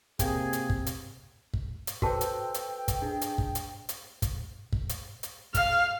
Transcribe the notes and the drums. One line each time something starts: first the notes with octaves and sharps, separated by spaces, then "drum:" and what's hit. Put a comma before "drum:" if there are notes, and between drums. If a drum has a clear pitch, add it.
C3 A#3 G#4 G5 G#6, drum: kick, hi-hat
drum: hi-hat
drum: kick
drum: hi-hat
drum: kick
drum: hi-hat
F#4 A4 B4 C5 G5 A5, drum: kick
drum: hi-hat
drum: hi-hat
drum: kick, hi-hat
D4 G#4
drum: hi-hat
drum: kick
drum: hi-hat
drum: hi-hat
drum: kick, hi-hat
drum: kick
drum: hi-hat
drum: hi-hat
F5, drum: kick, hi-hat